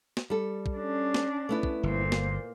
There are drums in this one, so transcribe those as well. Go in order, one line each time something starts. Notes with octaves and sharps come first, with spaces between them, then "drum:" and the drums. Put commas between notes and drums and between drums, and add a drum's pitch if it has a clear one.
drum: snare
G3 A4
drum: kick
C#4 D4
drum: snare
A3 B3 E4
drum: kick
G1 A#2 C5
A#3, drum: snare